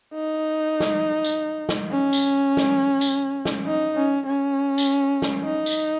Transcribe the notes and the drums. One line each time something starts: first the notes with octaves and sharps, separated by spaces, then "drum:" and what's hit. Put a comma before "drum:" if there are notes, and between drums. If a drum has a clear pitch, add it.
D#4
drum: snare
drum: tambourine
drum: snare
C#4
drum: tambourine
drum: snare
drum: tambourine
drum: snare
D#4
C#4
C#4
drum: tambourine
drum: snare
D#4
drum: tambourine